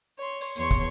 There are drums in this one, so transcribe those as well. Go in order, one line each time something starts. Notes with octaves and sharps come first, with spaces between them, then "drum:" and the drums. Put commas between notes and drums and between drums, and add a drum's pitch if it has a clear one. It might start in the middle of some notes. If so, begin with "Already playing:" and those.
C#5 C6
drum: tambourine
E2 C#5 C6 C#6, drum: tambourine
drum: kick, tambourine